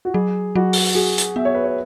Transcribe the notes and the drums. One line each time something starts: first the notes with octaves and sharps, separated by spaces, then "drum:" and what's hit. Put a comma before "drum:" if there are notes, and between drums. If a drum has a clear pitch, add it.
F#4
F#3 G#4
F#3 F#4
drum: open hi-hat
F#4 G#4
drum: hi-hat
B3 E5
C#5
B4
C#5